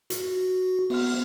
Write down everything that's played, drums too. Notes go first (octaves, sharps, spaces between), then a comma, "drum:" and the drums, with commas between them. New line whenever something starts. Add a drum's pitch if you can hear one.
F#4, drum: hi-hat
B3 F6, drum: cymbal